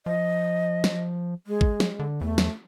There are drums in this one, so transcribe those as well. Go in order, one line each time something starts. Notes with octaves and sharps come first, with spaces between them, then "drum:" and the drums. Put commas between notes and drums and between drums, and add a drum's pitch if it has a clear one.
F3 D#5
drum: snare
G#3
drum: kick
drum: snare
D3
E2 A3
drum: snare